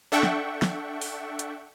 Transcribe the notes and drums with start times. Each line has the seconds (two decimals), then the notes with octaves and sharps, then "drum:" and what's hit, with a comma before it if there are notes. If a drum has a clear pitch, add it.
0.12 D4 A4 E5 F#5 G5 C#6
0.23 drum: snare
0.62 drum: snare
1.01 drum: open hi-hat
1.39 drum: hi-hat